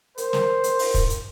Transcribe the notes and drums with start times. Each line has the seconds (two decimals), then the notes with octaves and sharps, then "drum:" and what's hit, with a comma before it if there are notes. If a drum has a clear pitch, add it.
0.18 A#4 C5, drum: hi-hat
0.33 drum: snare
0.64 drum: hi-hat
0.79 drum: open hi-hat
0.94 drum: kick, hi-hat
1.10 drum: hi-hat